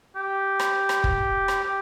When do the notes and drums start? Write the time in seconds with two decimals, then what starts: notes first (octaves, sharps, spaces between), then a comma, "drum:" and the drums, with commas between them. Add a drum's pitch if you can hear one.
0.16 G4
0.59 drum: rim click
0.89 drum: rim click
1.04 drum: kick
1.48 drum: rim click
1.64 G4